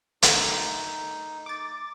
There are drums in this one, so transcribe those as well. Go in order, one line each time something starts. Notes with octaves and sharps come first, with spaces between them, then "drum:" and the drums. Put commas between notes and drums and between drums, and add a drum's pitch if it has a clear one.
A3 D#4 A#4, drum: hi-hat
D6 A6